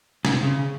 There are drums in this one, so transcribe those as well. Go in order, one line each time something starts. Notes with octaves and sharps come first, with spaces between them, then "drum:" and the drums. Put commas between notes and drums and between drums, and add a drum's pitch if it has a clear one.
C#3, drum: snare
C3
C#3